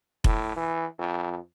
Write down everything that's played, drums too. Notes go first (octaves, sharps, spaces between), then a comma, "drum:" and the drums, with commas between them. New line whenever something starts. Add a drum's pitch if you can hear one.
A2, drum: kick F1
E3
F2